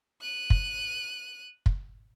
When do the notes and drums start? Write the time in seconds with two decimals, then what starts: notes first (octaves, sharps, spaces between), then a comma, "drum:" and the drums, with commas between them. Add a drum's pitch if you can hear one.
0.21 F#6 D#7
0.50 drum: kick
1.66 drum: kick